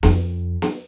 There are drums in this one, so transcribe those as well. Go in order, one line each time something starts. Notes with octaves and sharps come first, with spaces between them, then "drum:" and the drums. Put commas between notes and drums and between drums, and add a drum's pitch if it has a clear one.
F2, drum: snare
drum: snare